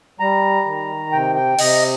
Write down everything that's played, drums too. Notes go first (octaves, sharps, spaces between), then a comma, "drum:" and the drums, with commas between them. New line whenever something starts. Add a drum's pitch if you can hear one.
G3 A#5
D#3
C3 G5
G5
C3 D#5, drum: cymbal